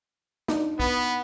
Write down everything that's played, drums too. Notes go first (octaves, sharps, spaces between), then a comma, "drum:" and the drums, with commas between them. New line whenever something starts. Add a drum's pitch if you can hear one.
D4 D#4, drum: snare
B3, drum: kick